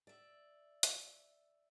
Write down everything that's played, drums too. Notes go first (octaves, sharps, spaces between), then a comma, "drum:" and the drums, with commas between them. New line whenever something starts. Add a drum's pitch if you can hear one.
D5 E5
drum: hi-hat